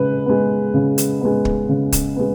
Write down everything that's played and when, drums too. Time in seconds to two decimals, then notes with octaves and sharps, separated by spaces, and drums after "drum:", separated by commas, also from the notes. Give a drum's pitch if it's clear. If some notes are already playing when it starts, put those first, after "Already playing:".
Already playing: C#3 G#3 B4
0.26 G#3 B3
0.74 C#3
0.98 drum: hi-hat
1.21 G#3 B3
1.45 drum: kick
1.69 C#3
1.92 drum: kick, hi-hat
2.16 G#3 B3